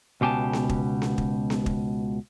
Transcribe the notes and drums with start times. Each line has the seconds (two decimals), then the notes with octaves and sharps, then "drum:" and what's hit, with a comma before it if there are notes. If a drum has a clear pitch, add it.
0.21 C#2 B2 G4 G#5 A5
0.53 drum: snare B3
0.69 drum: kick
1.02 drum: snare B3
1.18 drum: kick
1.50 drum: snare B3
1.66 drum: kick